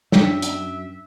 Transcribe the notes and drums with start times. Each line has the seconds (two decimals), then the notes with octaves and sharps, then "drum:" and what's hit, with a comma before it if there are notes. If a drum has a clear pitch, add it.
0.12 F#2 D4 C#5 E5 G5 B6, drum: snare
0.42 drum: hi-hat